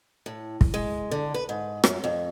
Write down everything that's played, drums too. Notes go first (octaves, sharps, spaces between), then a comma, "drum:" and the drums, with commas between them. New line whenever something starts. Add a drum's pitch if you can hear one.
A2
drum: kick
G#3
D3
B4
G#2
F#2, drum: rim click
F2